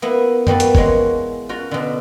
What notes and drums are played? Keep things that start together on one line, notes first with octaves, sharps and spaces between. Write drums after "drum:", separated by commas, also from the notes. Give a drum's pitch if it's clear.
A#3 B3 E4
G3 A#3 B3 F#4 A4, drum: tom F#2
drum: hi-hat
E3 G#3 A#3 F#4 C#5, drum: kick
F4 F#4 A#4
B2 D3